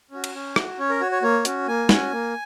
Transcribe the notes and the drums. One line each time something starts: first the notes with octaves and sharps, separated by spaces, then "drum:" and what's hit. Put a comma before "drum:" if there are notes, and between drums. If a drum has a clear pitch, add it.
C#4 F#4
drum: cymbal
C#4
F#4, drum: rim click
C#4 C#5
A#4
F#4 C#5
C#5
A#3 C#5
C#4 F#4, drum: hi-hat
A#3 G#5
C#4 F#4, drum: snare
A#3